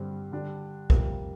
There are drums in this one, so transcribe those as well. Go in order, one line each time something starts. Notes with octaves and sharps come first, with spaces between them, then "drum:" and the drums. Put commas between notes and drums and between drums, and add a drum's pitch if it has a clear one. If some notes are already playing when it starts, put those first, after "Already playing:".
Already playing: G2 D3 G3 C4
D3 G3 D4
F2 C3 G3 A#3, drum: kick